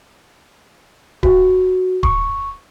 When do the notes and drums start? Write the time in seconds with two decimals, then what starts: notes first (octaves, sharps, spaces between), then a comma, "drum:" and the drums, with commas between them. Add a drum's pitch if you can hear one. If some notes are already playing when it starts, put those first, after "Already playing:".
1.23 F#4, drum: kick D1
2.03 C#6, drum: kick D1